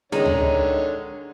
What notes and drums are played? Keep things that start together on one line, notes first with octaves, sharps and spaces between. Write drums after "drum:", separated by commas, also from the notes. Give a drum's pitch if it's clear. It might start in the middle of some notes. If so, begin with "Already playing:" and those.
D3 D#3 G#3 D#4 C#5, drum: snare C#4
drum: tom C#2